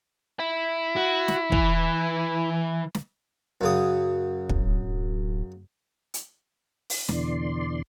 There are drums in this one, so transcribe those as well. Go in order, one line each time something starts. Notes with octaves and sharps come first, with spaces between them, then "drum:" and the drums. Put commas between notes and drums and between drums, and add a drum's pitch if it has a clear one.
E4
F#4
drum: snare
E3, drum: kick
drum: snare
F#2 C#3 D#6
D1, drum: kick
drum: hi-hat
drum: open hi-hat
E2 B2 D3 E3 D5 C6, drum: snare